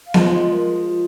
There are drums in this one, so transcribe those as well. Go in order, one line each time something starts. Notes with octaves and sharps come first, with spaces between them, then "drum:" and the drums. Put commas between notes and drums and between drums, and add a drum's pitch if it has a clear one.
F5
F3 G#3 D#5, drum: snare B3
F5
D#5
A#4
G#4
F4